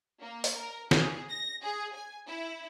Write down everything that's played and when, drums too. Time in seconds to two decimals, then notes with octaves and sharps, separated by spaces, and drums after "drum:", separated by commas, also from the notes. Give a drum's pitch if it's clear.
0.21 A#3
0.44 drum: open hi-hat
0.55 A#4
0.91 G#4, drum: snare
1.30 A#6
1.63 G#4
1.95 G#5
2.27 E4